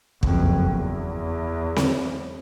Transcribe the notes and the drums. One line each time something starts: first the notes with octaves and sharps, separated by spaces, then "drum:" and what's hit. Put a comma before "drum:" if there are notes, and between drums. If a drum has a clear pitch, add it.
F#1 F2, drum: kick
E2
drum: snare C4